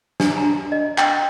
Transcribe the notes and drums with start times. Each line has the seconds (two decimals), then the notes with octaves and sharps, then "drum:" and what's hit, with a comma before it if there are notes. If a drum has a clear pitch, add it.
0.20 D4, drum: snare
0.38 A#5
0.72 D#5
0.98 G5, drum: clap